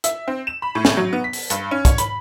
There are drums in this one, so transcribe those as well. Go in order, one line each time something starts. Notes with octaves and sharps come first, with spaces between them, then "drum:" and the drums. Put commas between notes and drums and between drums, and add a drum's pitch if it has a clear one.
E5, drum: hi-hat
C4
E7
B5
A2
drum: snare
F#3
B3
B6
drum: open hi-hat
G2, drum: hi-hat
C#4
C#5, drum: kick, hi-hat
B5, drum: hi-hat